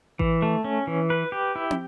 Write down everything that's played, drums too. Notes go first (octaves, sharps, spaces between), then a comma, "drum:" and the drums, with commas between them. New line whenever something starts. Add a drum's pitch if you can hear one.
E3, drum: kick A1
A3
C#4
E3
B4
G4
E4
drum: tom